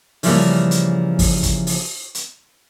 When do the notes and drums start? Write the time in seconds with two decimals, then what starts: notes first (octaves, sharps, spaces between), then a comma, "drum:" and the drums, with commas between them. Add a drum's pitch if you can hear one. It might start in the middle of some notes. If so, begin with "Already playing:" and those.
0.23 C#3 E3 F3 G3 A3 A#3, drum: open hi-hat
0.71 drum: hi-hat
1.19 drum: kick, open hi-hat
1.43 drum: kick, hi-hat
1.67 drum: open hi-hat
2.15 drum: hi-hat